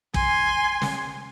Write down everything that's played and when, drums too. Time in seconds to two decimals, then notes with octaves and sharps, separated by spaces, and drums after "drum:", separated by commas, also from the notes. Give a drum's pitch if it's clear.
0.14 G#5 C6, drum: kick
0.82 drum: snare